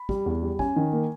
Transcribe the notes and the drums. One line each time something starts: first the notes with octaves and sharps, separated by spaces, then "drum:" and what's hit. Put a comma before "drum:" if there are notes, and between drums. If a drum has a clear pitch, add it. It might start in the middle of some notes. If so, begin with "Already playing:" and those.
Already playing: B5
G3, drum: kick
E2
G3
C#4 G#5, drum: kick
D#3
A#3